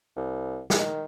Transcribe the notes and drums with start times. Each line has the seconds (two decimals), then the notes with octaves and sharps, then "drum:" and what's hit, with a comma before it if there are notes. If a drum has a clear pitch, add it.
0.16 C2
0.70 D#3, drum: snare